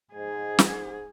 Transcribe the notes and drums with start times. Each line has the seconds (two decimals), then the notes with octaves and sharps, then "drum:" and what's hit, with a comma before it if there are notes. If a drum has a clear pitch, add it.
0.14 G#2 G#4
0.59 drum: snare